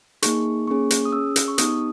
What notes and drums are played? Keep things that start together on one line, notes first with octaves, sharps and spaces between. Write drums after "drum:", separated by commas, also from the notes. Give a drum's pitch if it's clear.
A#3 D#4 G#4 C#6, drum: hi-hat
A#3 C#4 G#4 C#6
drum: hi-hat
D#6
C#4 G#4 E6
drum: hi-hat
C#6
B3 D#4 G4 D#6, drum: hi-hat